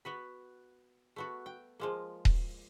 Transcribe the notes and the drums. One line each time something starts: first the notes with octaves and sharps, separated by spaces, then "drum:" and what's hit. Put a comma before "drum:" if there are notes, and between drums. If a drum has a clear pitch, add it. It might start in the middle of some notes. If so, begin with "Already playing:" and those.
B3 F#4 B4
A3 B3 F#4
G5
F3 G#3 A#3
drum: kick D#1